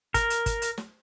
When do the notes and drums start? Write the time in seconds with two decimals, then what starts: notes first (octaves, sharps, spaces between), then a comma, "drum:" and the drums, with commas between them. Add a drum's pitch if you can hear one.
0.14 A#4, drum: kick, hi-hat
0.30 drum: hi-hat
0.46 drum: kick, hi-hat
0.62 drum: hi-hat
0.78 drum: snare